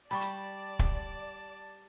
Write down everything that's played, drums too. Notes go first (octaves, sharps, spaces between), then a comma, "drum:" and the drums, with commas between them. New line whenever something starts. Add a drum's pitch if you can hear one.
G3 G4 D5 A5 B5 C#6
drum: hi-hat
drum: kick